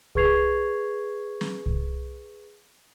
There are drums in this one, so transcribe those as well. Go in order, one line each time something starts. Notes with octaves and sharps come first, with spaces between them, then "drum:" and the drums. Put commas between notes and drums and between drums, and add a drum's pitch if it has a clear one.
G#4 B4 C#6 G#6 C7 F7, drum: kick C2
drum: snare
drum: kick C2